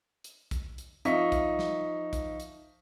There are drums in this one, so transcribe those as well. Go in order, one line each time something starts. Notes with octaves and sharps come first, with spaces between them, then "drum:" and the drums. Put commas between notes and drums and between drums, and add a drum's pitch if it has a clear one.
drum: hi-hat
drum: kick, hi-hat
drum: hi-hat
F3 D#4 E5 F5 C#6 B6, drum: hi-hat
drum: kick, hi-hat
drum: snare
drum: kick, hi-hat
drum: hi-hat